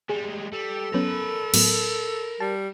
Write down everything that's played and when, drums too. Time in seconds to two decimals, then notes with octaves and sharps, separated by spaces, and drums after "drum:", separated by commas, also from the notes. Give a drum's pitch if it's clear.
0.09 G3 G#3 G#4
0.53 G3 A4
0.94 F#3 B3 C#4 A#4 B5
1.54 A2 F#3 B3, drum: cymbal
2.40 G3 A5